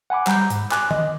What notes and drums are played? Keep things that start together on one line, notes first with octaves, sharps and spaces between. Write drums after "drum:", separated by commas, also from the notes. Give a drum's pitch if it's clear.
F#5 G#5 B5 D6
G3 A#5 B5 G6, drum: clap
G#2, drum: hi-hat
G#5 D6 F#6, drum: clap
D#5, drum: tom D#3